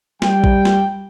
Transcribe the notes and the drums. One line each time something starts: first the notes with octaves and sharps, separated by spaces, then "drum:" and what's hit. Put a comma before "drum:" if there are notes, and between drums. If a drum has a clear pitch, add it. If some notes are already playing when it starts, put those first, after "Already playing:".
G3 G5, drum: snare
drum: kick
drum: snare